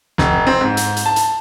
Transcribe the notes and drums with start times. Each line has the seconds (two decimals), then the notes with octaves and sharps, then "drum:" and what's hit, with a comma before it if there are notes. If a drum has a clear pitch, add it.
0.18 F1, drum: snare
0.47 C4
0.61 G#2
0.77 drum: hi-hat
0.97 drum: hi-hat
1.06 A5
1.16 drum: hi-hat